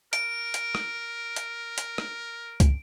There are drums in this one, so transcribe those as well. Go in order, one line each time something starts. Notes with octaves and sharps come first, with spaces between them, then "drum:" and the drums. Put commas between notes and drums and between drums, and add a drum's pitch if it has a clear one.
A#4 D7, drum: hi-hat
drum: hi-hat
drum: rim click
drum: hi-hat
drum: hi-hat
drum: rim click
drum: kick, hi-hat